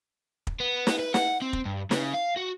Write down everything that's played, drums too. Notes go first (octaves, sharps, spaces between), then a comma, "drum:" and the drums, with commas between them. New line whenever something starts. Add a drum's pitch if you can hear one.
drum: kick
B3
drum: snare
B4
F#5, drum: snare
C4
drum: kick
G2
C#3, drum: snare
F5
F#4